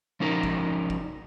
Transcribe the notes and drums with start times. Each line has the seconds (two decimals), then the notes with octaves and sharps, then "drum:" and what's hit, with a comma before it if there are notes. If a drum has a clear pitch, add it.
0.20 F3 C#4 D#4 A#4
0.43 drum: kick
0.90 drum: kick